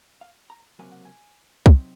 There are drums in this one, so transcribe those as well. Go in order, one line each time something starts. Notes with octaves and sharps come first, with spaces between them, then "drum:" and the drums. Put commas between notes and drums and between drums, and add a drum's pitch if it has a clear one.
F5
A#5
C#2 C3 F#3 A#3 G#5
F#5
G#5
C3 F#3 C4 D#4, drum: kick